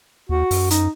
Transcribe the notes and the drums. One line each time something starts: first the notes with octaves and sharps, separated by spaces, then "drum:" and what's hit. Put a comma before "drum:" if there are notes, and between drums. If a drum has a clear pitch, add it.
D#2 F#4
F#2, drum: open hi-hat
D#4, drum: hi-hat